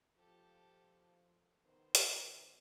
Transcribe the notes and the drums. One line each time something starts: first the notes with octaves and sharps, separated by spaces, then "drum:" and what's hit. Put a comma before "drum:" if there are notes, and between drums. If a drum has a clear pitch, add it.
F3 G4 A4
D#3 B3 C5
drum: hi-hat